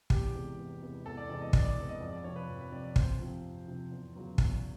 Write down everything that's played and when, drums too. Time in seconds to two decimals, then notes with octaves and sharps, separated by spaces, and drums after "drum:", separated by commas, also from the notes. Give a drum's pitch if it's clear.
0.10 E2 G4, drum: kick
0.34 C3 E3 G#3 B3
0.58 E2
0.82 C3 E3 G#3 B3
1.06 E2 A4
1.17 D5
1.29 C3 E3 G#3 B3 D5
1.41 D#5
1.53 E2 D5, drum: kick
1.65 D5
1.77 C3 E3 G#3 B3
1.89 D#5
2.01 F2 D5
2.12 D5
2.24 C3 F3 C#5
2.36 B4
2.48 F2
2.61 B4
2.72 C3 F3 D5
2.84 D5
2.96 F2 C5, drum: kick
3.20 C3 F3
3.44 F2
3.68 C3 F3
3.91 E2
4.14 C#3 F#3 B3
4.38 E2, drum: kick